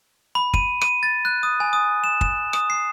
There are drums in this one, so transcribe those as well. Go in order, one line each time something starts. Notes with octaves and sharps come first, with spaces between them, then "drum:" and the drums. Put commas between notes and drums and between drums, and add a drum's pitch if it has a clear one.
B5
D#7, drum: kick
D#7, drum: rim click
A6
F#6
D#6
G#5
D#6
E7
E7, drum: kick
D#6, drum: rim click
C7